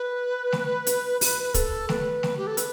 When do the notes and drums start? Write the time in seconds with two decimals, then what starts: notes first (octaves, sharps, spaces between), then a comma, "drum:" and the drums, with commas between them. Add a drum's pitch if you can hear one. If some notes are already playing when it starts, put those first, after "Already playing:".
Already playing: B4
0.52 drum: snare A3
0.87 drum: hi-hat
1.21 B4, drum: open hi-hat
1.43 B4
1.54 A4, drum: kick, hi-hat
1.89 B4, drum: snare A3
2.23 drum: snare A3
2.37 G4
2.47 A4
2.57 B4, drum: hi-hat